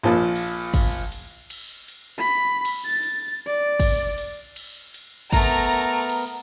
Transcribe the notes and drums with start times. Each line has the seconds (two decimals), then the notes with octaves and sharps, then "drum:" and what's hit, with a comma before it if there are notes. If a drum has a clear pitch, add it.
0.03 A#1 F3
0.35 drum: cymbal
0.74 drum: kick, cymbal
1.12 drum: cymbal
1.50 drum: cymbal
1.88 drum: cymbal
2.18 B5
2.65 drum: cymbal
2.85 A6
3.03 drum: cymbal
3.47 D5
3.80 drum: kick, cymbal
4.18 drum: cymbal
4.56 drum: cymbal
4.94 drum: cymbal
5.33 A3 B3 A#4 A#5, drum: kick, cymbal
5.71 drum: cymbal
6.09 drum: cymbal